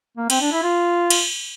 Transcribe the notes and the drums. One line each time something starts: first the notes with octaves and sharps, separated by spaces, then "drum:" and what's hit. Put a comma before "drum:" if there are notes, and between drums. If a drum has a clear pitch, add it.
A#3
C4, drum: cymbal
D4
E4
F4
drum: cymbal